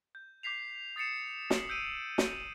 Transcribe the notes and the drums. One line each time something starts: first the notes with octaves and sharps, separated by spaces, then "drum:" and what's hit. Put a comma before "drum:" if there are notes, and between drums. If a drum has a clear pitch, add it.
G6
D6 G6 B6 C7 F7
D#6 A6 C7 C#7 E7
A6 F#7, drum: snare
E6 G6 B6 D7 D#7
drum: snare